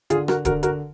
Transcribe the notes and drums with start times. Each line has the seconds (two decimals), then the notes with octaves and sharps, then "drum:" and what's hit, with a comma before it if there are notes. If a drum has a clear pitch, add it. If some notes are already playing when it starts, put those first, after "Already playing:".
0.10 D3 F4 G#4, drum: hi-hat
0.28 F#4 A#4, drum: rim click
0.45 D3 F#4 A#4, drum: kick D1, hi-hat
0.63 F#4 A#4, drum: hi-hat